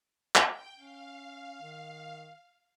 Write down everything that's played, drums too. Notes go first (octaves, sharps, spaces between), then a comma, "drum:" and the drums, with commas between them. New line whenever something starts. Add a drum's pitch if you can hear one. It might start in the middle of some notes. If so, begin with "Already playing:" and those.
drum: clap
G5 G6
C#4 F5
D#3